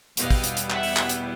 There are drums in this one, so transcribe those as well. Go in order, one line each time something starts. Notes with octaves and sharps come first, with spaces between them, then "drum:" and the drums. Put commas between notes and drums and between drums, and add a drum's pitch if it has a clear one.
E2 B2 G3 B3 E4 D#5 F5, drum: hi-hat
drum: kick, open hi-hat
drum: hi-hat
drum: hi-hat
E5 F#5, drum: clap
drum: open hi-hat
drum: clap
drum: hi-hat